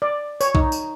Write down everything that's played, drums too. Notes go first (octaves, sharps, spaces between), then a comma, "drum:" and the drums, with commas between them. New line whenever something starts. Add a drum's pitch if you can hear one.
D5
C#5, drum: tambourine
D#4, drum: kick B1
drum: tambourine